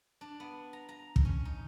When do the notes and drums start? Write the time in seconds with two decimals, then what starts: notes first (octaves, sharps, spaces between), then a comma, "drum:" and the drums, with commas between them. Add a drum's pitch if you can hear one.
0.21 D4
0.40 B3
0.73 A#5
0.89 A#5
1.16 drum: kick
1.25 C#4
1.45 D#4